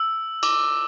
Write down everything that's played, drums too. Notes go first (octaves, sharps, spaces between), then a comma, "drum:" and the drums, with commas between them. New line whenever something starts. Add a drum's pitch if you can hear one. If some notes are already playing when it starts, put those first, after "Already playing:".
Already playing: E6
D6, drum: cymbal